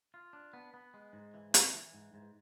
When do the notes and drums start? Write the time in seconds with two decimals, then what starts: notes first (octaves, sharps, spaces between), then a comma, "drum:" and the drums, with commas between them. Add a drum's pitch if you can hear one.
0.14 F4
0.33 D4
0.53 B3
0.74 B3
0.94 G#3
1.13 G#2
1.34 E3
1.54 E3, drum: hi-hat
1.74 E3
1.94 G#2
2.14 G#2